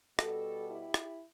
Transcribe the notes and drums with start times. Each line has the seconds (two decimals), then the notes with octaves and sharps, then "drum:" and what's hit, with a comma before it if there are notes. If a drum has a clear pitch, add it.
0.19 B2 G3 F#4 A4, drum: rim click
0.69 E4 G4
0.94 drum: rim click